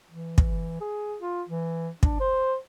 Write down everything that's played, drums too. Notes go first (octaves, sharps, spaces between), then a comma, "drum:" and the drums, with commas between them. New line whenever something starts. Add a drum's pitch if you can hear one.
E3
drum: kick
G#4
F4
E3
D4, drum: kick
C5